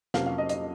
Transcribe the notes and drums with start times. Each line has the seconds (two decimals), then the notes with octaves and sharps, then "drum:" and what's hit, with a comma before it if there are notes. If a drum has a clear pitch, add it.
0.14 F2 C3 F#3 A#3 C#4 F5, drum: snare
0.26 F5
0.38 D#5
0.49 D#5, drum: hi-hat